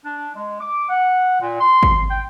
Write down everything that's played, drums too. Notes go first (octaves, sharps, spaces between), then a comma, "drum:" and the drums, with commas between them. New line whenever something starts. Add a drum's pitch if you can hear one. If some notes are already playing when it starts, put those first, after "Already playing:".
D4
G#3
D6
F#5
A#2
C6
drum: kick G#1
G5